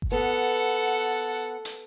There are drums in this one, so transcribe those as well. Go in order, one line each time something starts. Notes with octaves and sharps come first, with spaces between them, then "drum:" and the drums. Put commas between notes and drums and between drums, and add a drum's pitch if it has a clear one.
drum: kick G1
B3 A4 F#5
drum: hi-hat